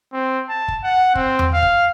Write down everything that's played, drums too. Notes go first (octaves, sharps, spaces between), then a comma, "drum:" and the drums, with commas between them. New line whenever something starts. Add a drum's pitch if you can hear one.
C4
A5
drum: kick
F#5
C4, drum: kick
drum: tom E2
F5
drum: kick